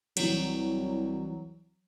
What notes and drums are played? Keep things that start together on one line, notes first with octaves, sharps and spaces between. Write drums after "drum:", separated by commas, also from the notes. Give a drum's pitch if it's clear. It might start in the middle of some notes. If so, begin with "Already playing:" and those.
C2 E3 F#3, drum: cymbal